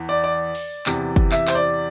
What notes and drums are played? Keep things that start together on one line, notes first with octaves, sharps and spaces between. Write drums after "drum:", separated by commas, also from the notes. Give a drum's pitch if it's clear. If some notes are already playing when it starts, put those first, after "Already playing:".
Already playing: E2 E3
D5
D5
drum: open hi-hat
E2 C3 E3, drum: clap
drum: kick, hi-hat
E5, drum: clap
C5, drum: clap
D5